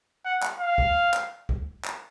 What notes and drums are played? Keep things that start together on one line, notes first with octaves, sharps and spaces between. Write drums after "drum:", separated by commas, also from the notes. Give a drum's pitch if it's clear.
F#5
drum: clap
F5
drum: kick
drum: clap
drum: kick
drum: clap